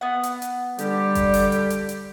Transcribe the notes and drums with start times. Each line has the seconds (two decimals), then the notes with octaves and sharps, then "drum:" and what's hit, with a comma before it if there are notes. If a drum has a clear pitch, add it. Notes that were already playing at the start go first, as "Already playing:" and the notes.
0.01 B3 F#5
0.23 drum: hi-hat
0.42 drum: hi-hat
0.79 D3 G3 G4, drum: hi-hat
1.15 drum: kick G1, hi-hat
1.34 drum: open hi-hat
1.52 drum: hi-hat
1.70 drum: hi-hat
1.89 drum: hi-hat